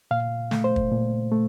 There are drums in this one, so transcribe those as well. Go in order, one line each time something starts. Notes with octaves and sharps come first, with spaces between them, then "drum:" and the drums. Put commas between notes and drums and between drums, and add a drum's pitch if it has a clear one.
A#2 F5
A3, drum: snare
C5
drum: kick
A#2
A3